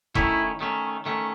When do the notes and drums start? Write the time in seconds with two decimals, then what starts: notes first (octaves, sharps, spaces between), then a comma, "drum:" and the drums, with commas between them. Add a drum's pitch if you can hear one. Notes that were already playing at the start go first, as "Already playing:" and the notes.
0.15 D#3 A3 C#4 E4, drum: kick F1
0.61 D#3 A3 C#4
1.06 D#3 A3 C#4